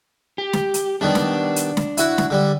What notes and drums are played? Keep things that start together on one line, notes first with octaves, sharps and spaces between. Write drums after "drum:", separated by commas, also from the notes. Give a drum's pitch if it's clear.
G4
drum: snare
drum: hi-hat
B2 D#3 G3 D4
drum: snare
drum: hi-hat
drum: snare
E4 F#4, drum: hi-hat
drum: snare
D3 G3